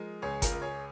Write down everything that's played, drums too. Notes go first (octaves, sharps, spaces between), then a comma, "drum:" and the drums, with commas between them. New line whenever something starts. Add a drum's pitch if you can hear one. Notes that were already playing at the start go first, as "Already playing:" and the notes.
Already playing: F3 G#3 A#4 D#5
C#2 G#4 C#5
F4 A#4, drum: kick G1, hi-hat
C#2
G#4 C#5